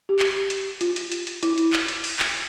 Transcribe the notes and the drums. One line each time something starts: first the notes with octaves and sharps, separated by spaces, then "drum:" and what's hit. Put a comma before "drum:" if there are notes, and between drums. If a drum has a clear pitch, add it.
G4
drum: clap
drum: hi-hat
F4, drum: hi-hat
drum: hi-hat
drum: hi-hat
drum: hi-hat
E4, drum: hi-hat
drum: hi-hat
drum: clap
drum: hi-hat
drum: open hi-hat
drum: clap